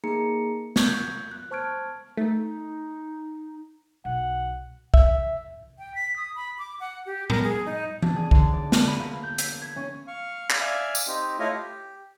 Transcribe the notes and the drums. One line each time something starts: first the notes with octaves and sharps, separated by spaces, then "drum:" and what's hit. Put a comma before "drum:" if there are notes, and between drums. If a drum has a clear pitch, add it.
A#3 D#4 G#4 A#5 C#7
C#6 G6 G#6, drum: snare
F#6
C5 A5 C#6 F6 G#6 D7
A3 D#4
B1 F#5
E5, drum: kick
G5
B6
D#6
B5
D6
F#5
G4
A#4, drum: tom A2
G#4
D#4
D4, drum: tom E3
G#4
D3, drum: kick
D5
D#7, drum: snare
B5
A#3
G6
B6, drum: hi-hat
G#6
C#4
F5 C#6
drum: clap
D5 E5 F5 G#5
drum: tambourine
C4 D#4 G4
A3 E4 F4 C#5 D#5 F5
G4